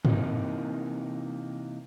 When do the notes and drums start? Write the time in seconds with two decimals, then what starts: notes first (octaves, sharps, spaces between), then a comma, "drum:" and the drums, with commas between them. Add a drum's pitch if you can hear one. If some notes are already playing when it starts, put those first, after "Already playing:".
0.05 C3 E3 A#3 D#4, drum: tom